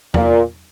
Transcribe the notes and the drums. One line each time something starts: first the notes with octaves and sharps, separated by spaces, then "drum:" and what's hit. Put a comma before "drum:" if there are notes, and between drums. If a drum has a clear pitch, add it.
A#2, drum: tom E2